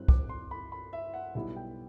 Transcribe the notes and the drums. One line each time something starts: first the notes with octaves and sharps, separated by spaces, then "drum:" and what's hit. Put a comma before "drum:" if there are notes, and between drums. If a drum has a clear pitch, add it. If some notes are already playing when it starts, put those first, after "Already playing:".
Already playing: G2 F#3 C4 E4 F#6
D6, drum: kick
C6
B5
B5
E5
F#5
B1 B2 G3 B3 E4 F#5
G5